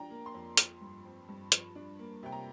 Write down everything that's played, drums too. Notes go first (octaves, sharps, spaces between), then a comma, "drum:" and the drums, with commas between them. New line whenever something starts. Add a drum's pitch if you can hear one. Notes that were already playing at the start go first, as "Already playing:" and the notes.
Already playing: F3 D4 G5 A#5
A#3
C6
F2
F3, drum: hi-hat
G2
C4
G2
F3, drum: hi-hat
D4
A#3
C3 G5
A#5